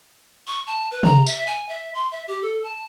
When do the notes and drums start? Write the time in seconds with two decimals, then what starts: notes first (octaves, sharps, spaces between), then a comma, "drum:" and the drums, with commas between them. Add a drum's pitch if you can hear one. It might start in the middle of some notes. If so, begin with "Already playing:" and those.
0.47 C#6
0.67 A5
0.91 B4
1.03 A#5, drum: tom
1.26 E5, drum: tambourine
1.47 G#5
1.69 E5
1.94 C6
2.12 E5
2.28 G4
2.42 A4
2.63 A5